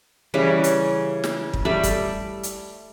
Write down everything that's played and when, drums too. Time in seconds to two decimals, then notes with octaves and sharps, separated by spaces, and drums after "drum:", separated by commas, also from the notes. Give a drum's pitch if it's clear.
0.34 C#3 E3 G3 B4
0.64 drum: hi-hat
1.24 drum: snare
1.54 drum: kick
1.65 G3 A3 D5 E5
1.83 drum: kick, hi-hat
2.43 drum: hi-hat